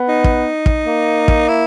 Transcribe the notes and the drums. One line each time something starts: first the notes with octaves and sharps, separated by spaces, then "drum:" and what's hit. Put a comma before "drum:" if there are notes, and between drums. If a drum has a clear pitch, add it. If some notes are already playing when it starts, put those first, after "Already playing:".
Already playing: B3
D#4
drum: kick
drum: kick
A#3
drum: kick
E4